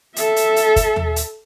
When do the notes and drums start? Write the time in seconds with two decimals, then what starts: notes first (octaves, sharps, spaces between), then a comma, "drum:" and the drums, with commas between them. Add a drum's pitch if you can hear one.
0.16 A4 E5, drum: hi-hat
0.36 drum: hi-hat
0.56 drum: hi-hat
0.76 drum: kick, hi-hat
0.96 drum: tom D#2
1.16 drum: hi-hat